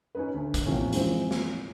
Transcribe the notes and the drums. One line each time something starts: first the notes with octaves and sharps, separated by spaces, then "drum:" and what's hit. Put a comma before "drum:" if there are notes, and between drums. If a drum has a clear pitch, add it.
C#4 D#4 B4
D2
drum: kick, hi-hat
D#2 A2 C3 D#3 F3 C#4
E3 F3 G#3 C4 C#4, drum: hi-hat
drum: snare